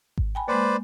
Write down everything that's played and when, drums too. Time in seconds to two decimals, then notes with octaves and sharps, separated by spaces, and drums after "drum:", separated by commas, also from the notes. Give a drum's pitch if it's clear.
0.18 drum: kick G#1
0.35 G5 G#5 B5
0.48 G#3 A#3 B4 C5 D5